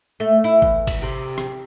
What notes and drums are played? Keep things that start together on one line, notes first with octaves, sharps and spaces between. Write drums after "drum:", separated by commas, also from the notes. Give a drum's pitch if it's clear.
A3
E4
E2, drum: kick G#1
drum: kick G#1, cymbal
C3
drum: rim click